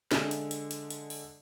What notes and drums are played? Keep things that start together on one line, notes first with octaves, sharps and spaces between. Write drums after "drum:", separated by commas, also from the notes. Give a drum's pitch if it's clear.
D3 G#3 E5, drum: snare
drum: hi-hat
drum: hi-hat
drum: hi-hat
drum: hi-hat
drum: open hi-hat